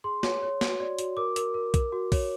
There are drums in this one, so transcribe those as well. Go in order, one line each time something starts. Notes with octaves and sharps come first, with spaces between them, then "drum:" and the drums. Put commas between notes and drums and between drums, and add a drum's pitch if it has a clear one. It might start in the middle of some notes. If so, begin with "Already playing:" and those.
G#4 C6
C#5, drum: snare
C#5
F#4, drum: snare
D5
F#4, drum: hi-hat
A#4 D6
A#4, drum: hi-hat
A#4
A#4, drum: kick, hi-hat
F#4
C#5, drum: kick, open hi-hat